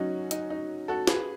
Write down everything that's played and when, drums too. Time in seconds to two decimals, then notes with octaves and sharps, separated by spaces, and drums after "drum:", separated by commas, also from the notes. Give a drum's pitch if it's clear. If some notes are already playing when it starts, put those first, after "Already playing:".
Already playing: F#3 C#4 D#4 F#4
0.31 D#4, drum: hi-hat
0.50 D#4
0.88 F#4 A4
1.07 G#4 B4, drum: snare